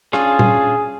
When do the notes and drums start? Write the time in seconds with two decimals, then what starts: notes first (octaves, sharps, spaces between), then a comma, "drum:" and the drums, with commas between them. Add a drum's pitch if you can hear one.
0.13 C#4 D4 F4 G#4, drum: rim click
0.39 drum: tom A#2